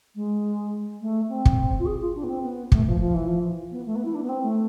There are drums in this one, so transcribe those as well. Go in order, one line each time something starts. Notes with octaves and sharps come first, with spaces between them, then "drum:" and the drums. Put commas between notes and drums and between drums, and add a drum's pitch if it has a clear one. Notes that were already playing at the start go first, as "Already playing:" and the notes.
G#3
A3
C4
drum: kick
F4
G#4
F4
D4
B3
C4
B3
A3, drum: kick
F3
F3
E3
F3
B3
A3
B3
E4
D4
B3
C4
A3